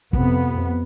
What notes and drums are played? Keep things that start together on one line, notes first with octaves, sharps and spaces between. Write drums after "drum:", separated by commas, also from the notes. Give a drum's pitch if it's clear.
F2 C3 B3, drum: kick